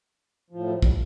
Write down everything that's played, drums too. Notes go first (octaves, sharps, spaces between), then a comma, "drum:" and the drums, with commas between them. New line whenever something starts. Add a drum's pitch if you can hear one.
A2 F3
F#3
G3, drum: kick